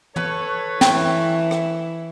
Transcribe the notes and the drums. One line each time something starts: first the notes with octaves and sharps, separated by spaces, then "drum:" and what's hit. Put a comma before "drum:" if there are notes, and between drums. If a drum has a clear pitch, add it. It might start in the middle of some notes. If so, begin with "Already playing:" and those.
A4 B4 C#5, drum: tom
E3 E4 G5, drum: snare
drum: rim click